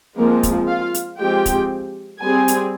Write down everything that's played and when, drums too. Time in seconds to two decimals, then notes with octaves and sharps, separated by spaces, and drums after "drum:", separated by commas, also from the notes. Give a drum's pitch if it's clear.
0.17 F3 G#3 A#3 C4 A#4
0.43 drum: kick, hi-hat
0.68 F4 F5
0.94 drum: hi-hat
1.19 F3 G#3 C4 G4 G5
1.46 drum: kick, hi-hat
2.22 G3 C4 G#4 G#5
2.48 drum: hi-hat